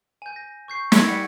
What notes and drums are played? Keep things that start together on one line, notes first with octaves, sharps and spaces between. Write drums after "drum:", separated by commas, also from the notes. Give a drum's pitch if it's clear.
G#5 G6
A#6
C#6 G6 C7
B5 E6 G#6 A#6, drum: snare
G3 F#5